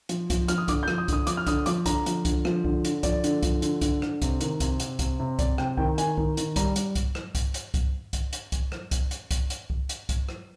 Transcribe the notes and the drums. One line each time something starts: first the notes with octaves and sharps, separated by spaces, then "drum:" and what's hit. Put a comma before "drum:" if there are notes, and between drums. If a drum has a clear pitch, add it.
F3, drum: hi-hat
F3, drum: kick C2, hi-hat
F3 F6, drum: hi-hat
D#6
D3 D6, drum: kick C2, hi-hat
G6
F3, drum: rim click
D#6
D3 D#6, drum: kick C2, hi-hat
F3 D6, drum: hi-hat
F6
D3 D#6, drum: kick C2, hi-hat
F3 D6, drum: hi-hat
D3 A#5, drum: kick C2, hi-hat
F3, drum: hi-hat
D3, drum: kick C2, hi-hat
F3, drum: rim click
D3, drum: kick C2
D3, drum: hi-hat
F3 D5, drum: kick C2, hi-hat
D3, drum: hi-hat
F3, drum: kick C2, hi-hat
D3, drum: hi-hat
D3, drum: kick C2, hi-hat
D3, drum: rim click
C3, drum: kick C2, hi-hat
D#3, drum: hi-hat
C3, drum: kick C2, hi-hat
C3, drum: hi-hat
C3, drum: kick C2, hi-hat
C3
C3 D5, drum: kick C2, hi-hat
C3 G5, drum: rim click
D#3 G5, drum: kick C2
D#3 G#5, drum: hi-hat
D#3, drum: kick C2
D#3, drum: hi-hat
G3 A#5, drum: kick C2, hi-hat
G3, drum: hi-hat
drum: kick C2, hi-hat
drum: rim click
drum: kick C2, hi-hat
drum: hi-hat
drum: kick C2, hi-hat
drum: kick C2, hi-hat
drum: hi-hat
drum: kick C2, hi-hat
drum: rim click
drum: kick C2, hi-hat
drum: hi-hat
drum: kick C2, hi-hat
drum: hi-hat
drum: kick C2
drum: hi-hat
drum: kick C2, hi-hat
drum: rim click